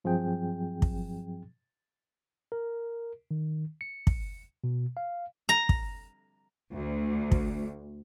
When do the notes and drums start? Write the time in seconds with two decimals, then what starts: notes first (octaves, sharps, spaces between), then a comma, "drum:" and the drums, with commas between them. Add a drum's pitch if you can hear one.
0.04 G2 F3 F#3 C4 G#4 G5
0.82 drum: kick
2.52 A#4
3.31 D#3
3.81 C#7
4.07 drum: kick
4.64 B2
4.97 F5
5.49 A#5
5.69 drum: kick
6.73 D2
7.32 drum: kick